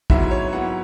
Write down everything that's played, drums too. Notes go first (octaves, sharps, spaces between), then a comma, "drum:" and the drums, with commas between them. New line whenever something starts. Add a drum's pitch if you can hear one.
G#2 F#3 B3 E4 E5, drum: kick
C#5
G#2 F#3 B3 E4 F#5